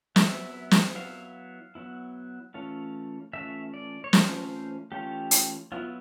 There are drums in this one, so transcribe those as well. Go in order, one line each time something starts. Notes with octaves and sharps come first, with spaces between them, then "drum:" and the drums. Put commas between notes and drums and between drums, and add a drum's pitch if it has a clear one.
F#3 B3 E4 E5, drum: snare
drum: snare
F#3 B3 E4 F5
F#3 B3 E4
E3 A3 C#4 F4
E3 A3 C#4 F4 E5
D5
C#5
E3 A3 C#4 F4 C5, drum: snare
E3 A3 C#4 F4 G4
drum: hi-hat
F#3 B3 E4 F4